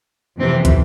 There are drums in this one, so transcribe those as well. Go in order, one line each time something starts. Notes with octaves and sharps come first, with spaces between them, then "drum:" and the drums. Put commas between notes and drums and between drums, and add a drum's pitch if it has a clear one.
F2 C3 E3 C4
drum: kick, hi-hat